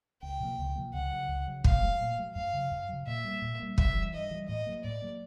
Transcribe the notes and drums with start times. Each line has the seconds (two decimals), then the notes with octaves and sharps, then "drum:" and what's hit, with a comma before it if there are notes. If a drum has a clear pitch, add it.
0.23 C#2 G5
0.40 C3 F3 A#3
0.58 C#2
0.75 C3 F3 A#3
0.93 C#2 F#5
1.12 C#3 F#3
1.28 C#2
1.47 C#3 F#3
1.64 A#2 F5, drum: kick
1.82 F#3 A3
2.00 A#2
2.18 F#3 A3
2.35 F#2 F5
2.53 C#3 F#3
2.71 F#2
2.89 C#3 F#3
3.07 A#2 E5
3.24 G3 A#3
3.42 A#2
3.60 G3 A#3
3.78 G2 E5, drum: kick
3.95 E3 G3
4.13 G2 D#5
4.31 E3 G3
4.48 A2 D#5
4.66 F#3 A#3
4.84 A2 D5
5.02 F#3 A#3